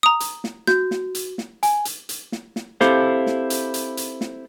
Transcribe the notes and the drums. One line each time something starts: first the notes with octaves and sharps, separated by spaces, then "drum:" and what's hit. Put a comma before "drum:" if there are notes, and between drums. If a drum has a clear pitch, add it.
A#5 D#6
drum: hi-hat
drum: snare
F#4 G6, drum: snare
drum: snare
drum: hi-hat
drum: snare
G#5, drum: hi-hat
drum: hi-hat
drum: hi-hat
drum: snare
drum: snare
C4 E4 G4 A4 C5 F5, drum: snare
drum: snare
drum: hi-hat
drum: hi-hat
drum: hi-hat
drum: snare